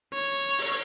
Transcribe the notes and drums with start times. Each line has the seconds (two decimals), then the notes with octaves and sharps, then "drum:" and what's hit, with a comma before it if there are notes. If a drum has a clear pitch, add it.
0.14 C#5
0.58 drum: open hi-hat